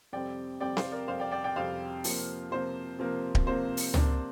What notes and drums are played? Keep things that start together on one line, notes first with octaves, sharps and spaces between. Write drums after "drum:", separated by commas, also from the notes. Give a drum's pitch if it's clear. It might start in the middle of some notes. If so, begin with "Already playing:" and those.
F2 C3 G3 C4 D5 G5
F2 C3 G3 C4 D5 G5
C5 F5, drum: snare C4
A#4 D5
F2 C3 G3 C4 C5 F5
D5 G5
D5 G5
D5 G5
F2 C3 G3 C4 C5 F5
C3 F3 A#3, drum: open hi-hat
C3 F3 A#3 C5
C3 F3 A#3
drum: kick D1
C3 F3 A#3 C5
drum: open hi-hat
C3 A#3 D4, drum: tom